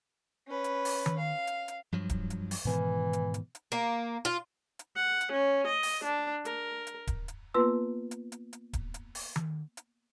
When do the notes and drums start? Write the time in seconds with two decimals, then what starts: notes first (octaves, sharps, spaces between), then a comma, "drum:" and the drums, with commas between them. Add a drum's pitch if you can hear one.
0.47 C#4 B4
0.64 drum: hi-hat
0.85 drum: open hi-hat
1.06 drum: tom D#3
1.18 F5
1.47 drum: hi-hat
1.68 drum: hi-hat
1.92 G2 F3 F#3
2.09 drum: kick D1, hi-hat
2.30 drum: hi-hat
2.51 drum: open hi-hat
2.65 G#2 B2 D#3 E3
3.13 drum: hi-hat
3.34 drum: hi-hat
3.55 drum: hi-hat
3.72 A#3
4.25 F4
4.79 drum: hi-hat
4.96 F#5
5.21 drum: hi-hat
5.32 C#4
5.67 D#5
5.83 drum: open hi-hat
6.04 D4
6.45 A#4, drum: hi-hat
6.87 drum: hi-hat
7.07 drum: kick D1, hi-hat
7.28 drum: hi-hat
7.54 A#3 B3 F4 B4 C6 E6
8.11 drum: hi-hat
8.32 drum: hi-hat
8.53 drum: hi-hat
8.73 drum: kick D1, hi-hat
8.94 drum: hi-hat
9.15 drum: open hi-hat
9.36 drum: tom D#3
9.77 drum: hi-hat